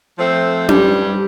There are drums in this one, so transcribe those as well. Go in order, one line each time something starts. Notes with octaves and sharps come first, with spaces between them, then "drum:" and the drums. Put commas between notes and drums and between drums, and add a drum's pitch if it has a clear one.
F3 A3 C4
G2 G3, drum: tom C#4